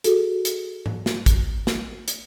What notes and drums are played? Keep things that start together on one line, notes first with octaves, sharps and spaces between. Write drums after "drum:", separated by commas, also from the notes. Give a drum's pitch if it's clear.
F#4 G#4 A4, drum: hi-hat
drum: hi-hat
drum: tom G#2
drum: snare
drum: kick, hi-hat
drum: snare
drum: hi-hat